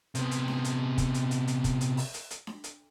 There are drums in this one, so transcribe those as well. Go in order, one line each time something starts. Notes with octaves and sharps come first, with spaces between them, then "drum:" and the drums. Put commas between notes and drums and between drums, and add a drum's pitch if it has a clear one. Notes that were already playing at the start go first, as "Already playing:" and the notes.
C3 B3, drum: hi-hat
drum: hi-hat
drum: snare D4
drum: hi-hat
drum: kick, hi-hat
drum: hi-hat
drum: hi-hat
drum: hi-hat
drum: kick, hi-hat
drum: hi-hat
drum: open hi-hat
drum: hi-hat
drum: hi-hat
drum: snare D4
drum: hi-hat